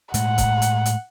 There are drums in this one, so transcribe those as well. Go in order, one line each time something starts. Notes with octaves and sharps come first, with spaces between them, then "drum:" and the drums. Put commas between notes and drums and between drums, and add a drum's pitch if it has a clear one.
A2 G#3 F#5, drum: hi-hat
drum: kick C#1, hi-hat
drum: hi-hat
drum: hi-hat